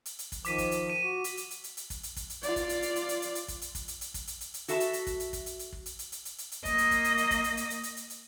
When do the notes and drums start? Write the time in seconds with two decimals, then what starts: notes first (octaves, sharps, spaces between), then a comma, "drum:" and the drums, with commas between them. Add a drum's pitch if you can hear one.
0.06 drum: hi-hat
0.19 drum: hi-hat
0.32 drum: kick, hi-hat
0.45 D#3 F3 D6 B6 D#7, drum: hi-hat
0.58 drum: kick, hi-hat
0.71 drum: hi-hat
0.90 D#7
1.03 F#4
1.24 drum: hi-hat
1.37 drum: hi-hat
1.51 drum: hi-hat
1.64 drum: hi-hat
1.77 drum: hi-hat
1.90 drum: kick, hi-hat
2.03 drum: hi-hat
2.16 drum: kick, hi-hat
2.30 drum: hi-hat
2.43 F4 D5, drum: hi-hat
2.56 drum: kick, hi-hat
2.69 drum: hi-hat
2.82 drum: hi-hat
2.96 drum: hi-hat
3.09 drum: hi-hat
3.22 drum: hi-hat
3.35 drum: hi-hat
3.48 drum: kick, hi-hat
3.62 drum: hi-hat
3.75 drum: kick, hi-hat
3.88 drum: hi-hat
4.01 drum: hi-hat
4.14 drum: kick, hi-hat
4.27 drum: hi-hat
4.41 drum: hi-hat
4.54 drum: hi-hat
4.68 F#4 A4 E5 A5, drum: hi-hat
4.80 drum: hi-hat
4.93 drum: hi-hat
5.07 drum: kick, hi-hat
5.20 drum: hi-hat
5.33 drum: kick, hi-hat
5.46 drum: hi-hat
5.59 drum: hi-hat
5.72 drum: kick
5.86 drum: hi-hat
5.99 drum: hi-hat
6.12 drum: hi-hat
6.25 drum: hi-hat
6.38 drum: hi-hat
6.52 drum: hi-hat
6.65 A#3 D#5, drum: kick, hi-hat
6.78 drum: hi-hat
6.91 drum: kick, hi-hat
7.04 drum: hi-hat
7.18 drum: hi-hat
7.31 drum: kick, hi-hat
7.44 drum: hi-hat
7.57 drum: hi-hat
7.70 drum: hi-hat
7.83 drum: hi-hat
7.97 drum: hi-hat
8.10 drum: hi-hat